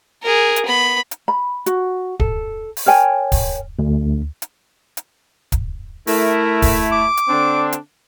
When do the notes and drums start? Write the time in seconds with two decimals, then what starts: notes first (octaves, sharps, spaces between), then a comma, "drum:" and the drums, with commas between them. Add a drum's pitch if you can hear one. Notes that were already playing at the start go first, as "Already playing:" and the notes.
0.22 G#4 A#4
0.56 drum: hi-hat
0.66 B3 B5
1.11 drum: hi-hat
1.28 B5
1.66 F#4, drum: hi-hat
2.20 A4, drum: kick
2.77 drum: open hi-hat
2.86 A#4 C#5 G5 G#5
3.32 drum: kick, open hi-hat
3.79 D2
4.42 drum: hi-hat
4.97 drum: hi-hat
5.52 drum: kick, hi-hat
6.07 A3 E4 A#4, drum: open hi-hat
6.62 drum: kick, open hi-hat
6.92 D6
7.17 drum: hi-hat
7.28 D3 C4 D4
7.72 drum: hi-hat